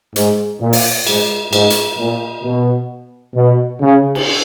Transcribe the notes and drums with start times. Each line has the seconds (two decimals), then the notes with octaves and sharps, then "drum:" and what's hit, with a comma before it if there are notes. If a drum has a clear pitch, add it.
0.16 G#2, drum: hi-hat
0.61 A#2
0.73 drum: open hi-hat
1.07 G#2, drum: cymbal
1.53 G#2, drum: cymbal
1.70 drum: hi-hat
1.98 A#2
2.44 B2
3.35 B2
3.81 C#3
4.15 drum: cymbal